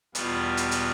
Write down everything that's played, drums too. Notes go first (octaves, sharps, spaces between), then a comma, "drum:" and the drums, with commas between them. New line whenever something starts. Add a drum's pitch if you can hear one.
E2 B2 G3 B3 F4, drum: hi-hat
drum: hi-hat
drum: hi-hat